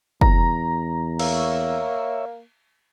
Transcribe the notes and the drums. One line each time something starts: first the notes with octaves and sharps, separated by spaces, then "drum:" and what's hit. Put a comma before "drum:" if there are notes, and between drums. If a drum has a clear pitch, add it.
E2 A#5, drum: kick
A#3 C#5 E5, drum: cymbal